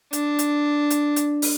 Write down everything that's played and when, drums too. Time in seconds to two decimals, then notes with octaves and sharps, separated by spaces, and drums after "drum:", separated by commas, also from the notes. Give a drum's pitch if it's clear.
0.13 D4, drum: hi-hat
0.39 drum: hi-hat
0.90 drum: hi-hat
1.16 drum: hi-hat
1.42 drum: open hi-hat